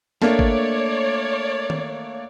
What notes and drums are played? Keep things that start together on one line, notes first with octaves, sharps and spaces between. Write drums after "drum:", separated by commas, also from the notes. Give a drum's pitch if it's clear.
A3 A#3 D4 C#5 D5, drum: snare
drum: kick G#1
drum: tom D#3